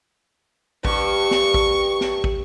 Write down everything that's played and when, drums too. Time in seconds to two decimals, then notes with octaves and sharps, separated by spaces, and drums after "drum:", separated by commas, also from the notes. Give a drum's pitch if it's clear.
0.85 G2 C#6, drum: kick
1.31 drum: snare
1.54 drum: kick
2.01 drum: snare
2.24 drum: kick